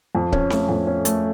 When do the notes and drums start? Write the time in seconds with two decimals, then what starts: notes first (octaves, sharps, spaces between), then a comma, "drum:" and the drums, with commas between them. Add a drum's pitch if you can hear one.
0.15 F2
0.32 C#4, drum: kick C#1
0.50 A3, drum: snare C4
0.69 F2
0.87 C#4
1.05 A3, drum: hi-hat